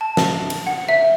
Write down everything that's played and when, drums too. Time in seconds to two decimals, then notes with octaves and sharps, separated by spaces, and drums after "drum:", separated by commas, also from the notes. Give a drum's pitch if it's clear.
0.01 A5
0.17 drum: snare
0.50 drum: cymbal
0.67 F#5
0.89 E5